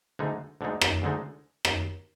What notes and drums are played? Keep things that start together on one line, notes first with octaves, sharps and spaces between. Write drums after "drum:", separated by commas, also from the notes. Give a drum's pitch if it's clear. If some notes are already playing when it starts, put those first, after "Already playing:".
D2 D3 G#3 D#4
D2 D3 G#3 D#4
drum: rim click
D2 D3 G#3 D#4
drum: rim click